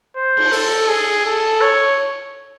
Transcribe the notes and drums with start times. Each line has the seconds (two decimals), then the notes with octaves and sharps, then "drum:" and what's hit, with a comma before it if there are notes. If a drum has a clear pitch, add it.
0.16 C5
0.37 drum: cymbal
0.52 A4, drum: open hi-hat
0.88 G#4
1.26 A4
1.61 C#5